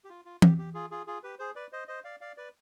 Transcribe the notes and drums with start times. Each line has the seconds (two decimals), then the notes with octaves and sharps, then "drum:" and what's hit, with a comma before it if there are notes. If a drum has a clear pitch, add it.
0.04 G4
0.10 F4
0.25 F4
0.42 G4, drum: tom
0.58 G4
0.74 F4 G#4
0.91 F4 G#4
1.07 F4 G#4
1.23 G4 B4
1.39 G#4 C5
1.56 B4 D5
1.72 C5 D#5
1.88 C5 D#5
2.04 D5 F5
2.21 D5 F5
2.37 B4 D5